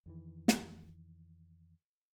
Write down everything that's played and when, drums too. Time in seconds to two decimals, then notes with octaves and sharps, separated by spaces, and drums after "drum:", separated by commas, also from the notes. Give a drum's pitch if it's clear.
0.06 F2 D#3 E3
0.48 drum: snare